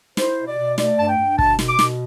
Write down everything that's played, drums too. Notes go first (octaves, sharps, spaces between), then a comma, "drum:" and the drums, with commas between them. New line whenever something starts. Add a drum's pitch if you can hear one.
E4 C5, drum: snare
B2
D5
B2
A3 D5, drum: snare
G2 A5
G5
G2
B2 A5, drum: kick
B2, drum: snare
D6
B2, drum: snare